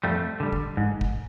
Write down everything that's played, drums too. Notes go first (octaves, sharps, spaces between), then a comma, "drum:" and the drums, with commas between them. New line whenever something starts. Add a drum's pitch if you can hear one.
F2 G3 A3
D3 G3
drum: kick
G#2
drum: kick